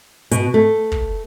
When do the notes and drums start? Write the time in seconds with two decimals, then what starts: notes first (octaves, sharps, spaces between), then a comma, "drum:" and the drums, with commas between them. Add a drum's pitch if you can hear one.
0.31 B2, drum: hi-hat
0.54 A3
0.92 drum: kick